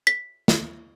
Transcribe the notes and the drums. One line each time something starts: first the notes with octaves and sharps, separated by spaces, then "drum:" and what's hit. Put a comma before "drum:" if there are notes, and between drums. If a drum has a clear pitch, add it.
B6
drum: snare